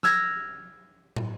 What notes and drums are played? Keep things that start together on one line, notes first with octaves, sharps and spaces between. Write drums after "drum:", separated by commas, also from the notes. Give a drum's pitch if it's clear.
E6 F6 G#6 A#6, drum: snare
drum: tom